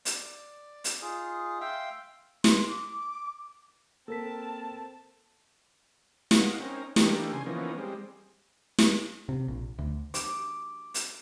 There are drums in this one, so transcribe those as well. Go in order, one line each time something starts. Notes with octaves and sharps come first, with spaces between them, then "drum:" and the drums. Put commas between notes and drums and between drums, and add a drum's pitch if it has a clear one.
D5, drum: hi-hat
drum: hi-hat
D#4 F4 G#4
E5 F5 G5 C6
C6, drum: snare
D6
A#3 C4 A4 A#4 A5 B6
D#5 F5 F#5, drum: snare
C4 C#4 D#4 A#4
E3 A3 A#3 D4 D#4 G4, drum: snare
C#3 G#5 C6
E3 F3 A#3 B3 C#4 D#4
G3 G#3 C4
drum: snare
C3
A#1
D2
D6, drum: hi-hat
drum: hi-hat